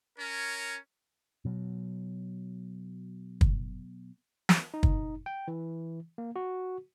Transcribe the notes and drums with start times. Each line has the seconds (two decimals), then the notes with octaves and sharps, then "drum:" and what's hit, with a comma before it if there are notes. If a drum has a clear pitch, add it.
0.19 C#4 A#4 C#5
1.45 B2 F#3
3.41 drum: kick
4.49 drum: snare
4.74 D#4
4.83 drum: kick
5.26 G5
5.48 E3
6.18 A#3
6.36 F#4